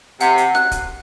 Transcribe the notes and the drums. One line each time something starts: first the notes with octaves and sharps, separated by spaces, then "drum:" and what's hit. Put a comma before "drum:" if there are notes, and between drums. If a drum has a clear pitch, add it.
C3 F#5, drum: hi-hat
drum: hi-hat
F#6, drum: snare
drum: kick, hi-hat